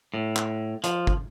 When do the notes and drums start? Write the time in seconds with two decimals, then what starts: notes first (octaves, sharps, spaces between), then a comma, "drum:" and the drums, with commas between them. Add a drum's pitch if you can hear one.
0.14 A2
0.36 drum: clap
0.84 F3, drum: hi-hat
1.07 drum: kick